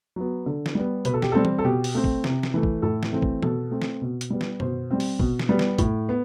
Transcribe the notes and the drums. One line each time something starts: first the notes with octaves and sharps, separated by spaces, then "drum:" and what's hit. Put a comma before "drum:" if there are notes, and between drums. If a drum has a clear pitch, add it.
F#3 B3
D3
drum: snare
G3 B3
B2 B4, drum: hi-hat
A4
G4, drum: snare
G3 C4 A4
drum: tom E3
A4
B2 G4
drum: open hi-hat
A3 C4
drum: kick
C3, drum: snare
drum: snare
E3 A3
drum: kick
A2 A4
drum: snare
E3 A3 C4
drum: kick
B2 A4, drum: tom E3
A3 C4
drum: snare
B2
drum: hi-hat
G3 B3
drum: snare
B2 C5, drum: tom F#2
G3 C4
drum: open hi-hat
B2, drum: kick
drum: snare
G3 B3
drum: snare
A2, drum: kick, hi-hat
B3